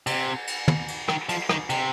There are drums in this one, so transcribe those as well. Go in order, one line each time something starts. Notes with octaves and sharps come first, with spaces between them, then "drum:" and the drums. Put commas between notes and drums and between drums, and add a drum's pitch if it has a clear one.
C3, drum: cymbal
drum: cymbal
drum: tom
drum: cymbal
D#3, drum: rim click
F3, drum: cymbal
D#3, drum: rim click
C3, drum: cymbal